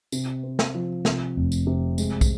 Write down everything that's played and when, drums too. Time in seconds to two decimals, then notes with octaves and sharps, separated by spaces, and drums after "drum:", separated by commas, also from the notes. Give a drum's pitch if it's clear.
0.12 C3, drum: tambourine
0.43 C4
0.59 drum: snare
0.75 F3
1.05 C3, drum: snare
1.36 F1
1.52 drum: tambourine
1.67 C3
1.98 G#3, drum: tambourine
2.21 drum: kick, tambourine